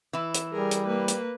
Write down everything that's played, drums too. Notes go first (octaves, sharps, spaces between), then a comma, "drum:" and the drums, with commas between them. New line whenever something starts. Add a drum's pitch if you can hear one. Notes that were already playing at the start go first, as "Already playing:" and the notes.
E3 E4
drum: hi-hat
G3 G#4 A#4
drum: hi-hat
A#3 B4
drum: hi-hat